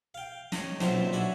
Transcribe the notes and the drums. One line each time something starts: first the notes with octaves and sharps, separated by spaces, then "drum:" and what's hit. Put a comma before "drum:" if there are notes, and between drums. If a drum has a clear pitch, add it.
F5 G5
C#5 D#5, drum: snare
B1 A#2 F3 F#3 C4 E4, drum: snare
D4 F#4 C#5 E5 G#5 B5